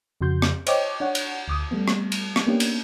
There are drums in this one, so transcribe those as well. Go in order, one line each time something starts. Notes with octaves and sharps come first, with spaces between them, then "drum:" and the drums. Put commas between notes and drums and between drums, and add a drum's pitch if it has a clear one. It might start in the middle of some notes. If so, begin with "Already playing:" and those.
F2 C#3 F#4 C6 G6
drum: rim click
C5 C#5 D#5 G5 D6, drum: cymbal
D4 C#5 F#5
drum: cymbal
D2 D6 D#6
G3 A3 B3
drum: rim click
drum: cymbal
drum: rim click
A#3 B3 C#4 D4 G4
drum: cymbal